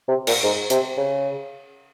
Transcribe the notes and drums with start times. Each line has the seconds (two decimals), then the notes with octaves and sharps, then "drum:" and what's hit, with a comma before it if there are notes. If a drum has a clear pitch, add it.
0.08 C3
0.27 A#2, drum: cymbal
0.44 G#2
0.70 C3, drum: hi-hat
0.97 C#3